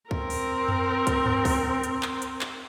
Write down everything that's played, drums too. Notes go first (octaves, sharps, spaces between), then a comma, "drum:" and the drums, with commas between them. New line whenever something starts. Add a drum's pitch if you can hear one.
C4 A#4, drum: kick C#2
drum: open hi-hat
drum: tom F2
drum: kick C#2, hi-hat
drum: tom G2
drum: kick C#2, open hi-hat
drum: hi-hat
drum: clap
drum: hi-hat
drum: clap